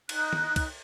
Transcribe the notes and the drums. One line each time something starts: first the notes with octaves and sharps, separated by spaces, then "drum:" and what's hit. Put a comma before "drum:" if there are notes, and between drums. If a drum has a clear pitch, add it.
D#4 F#6, drum: cymbal
drum: tom D#3
drum: kick, cymbal